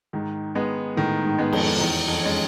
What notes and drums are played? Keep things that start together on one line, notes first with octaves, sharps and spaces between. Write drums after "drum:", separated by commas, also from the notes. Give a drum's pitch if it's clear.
G#2 D#3
G#3 B3
A2 D#3
G#2
G#3 B3
F2, drum: cymbal
E2 D#3
F2
G#3 C#4